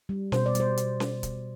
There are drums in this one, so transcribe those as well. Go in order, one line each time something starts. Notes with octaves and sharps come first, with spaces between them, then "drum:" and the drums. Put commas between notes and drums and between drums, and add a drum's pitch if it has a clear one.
G3
B2 C5, drum: snare C#4
D5
G3, drum: hi-hat
C5
drum: hi-hat
drum: snare C#4
drum: kick, hi-hat